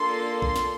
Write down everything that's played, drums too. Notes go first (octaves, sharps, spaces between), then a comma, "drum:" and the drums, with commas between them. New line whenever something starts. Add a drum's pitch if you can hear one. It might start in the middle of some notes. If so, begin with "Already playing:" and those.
Already playing: A#3 D4 F4 A4 C6
C6, drum: kick A#1
drum: snare